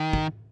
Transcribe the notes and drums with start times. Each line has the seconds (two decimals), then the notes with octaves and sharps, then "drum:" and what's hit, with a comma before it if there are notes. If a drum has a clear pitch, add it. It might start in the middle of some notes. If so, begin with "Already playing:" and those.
Already playing: D#3
0.13 drum: kick